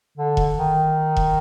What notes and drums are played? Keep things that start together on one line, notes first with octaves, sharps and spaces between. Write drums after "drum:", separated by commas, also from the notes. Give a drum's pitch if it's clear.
D3
drum: kick E1
D#3
drum: kick E1